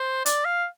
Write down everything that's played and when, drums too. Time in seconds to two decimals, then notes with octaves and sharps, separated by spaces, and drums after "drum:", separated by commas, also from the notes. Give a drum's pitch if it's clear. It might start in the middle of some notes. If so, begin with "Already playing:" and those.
Already playing: C5
0.26 D5, drum: hi-hat
0.45 F5